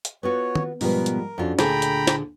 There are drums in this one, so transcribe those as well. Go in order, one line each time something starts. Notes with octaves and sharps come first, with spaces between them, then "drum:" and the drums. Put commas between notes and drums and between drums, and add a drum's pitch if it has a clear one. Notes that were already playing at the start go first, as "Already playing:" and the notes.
drum: hi-hat
B3 F4 F#4 C#5
drum: tom
G#2 B2 F3 G3 B3 A#4, drum: open hi-hat
drum: hi-hat
F2 C#4 D4 F4 F#4
D2 A#2 D3 G#4 G5 A#5 B5, drum: snare
drum: hi-hat
drum: snare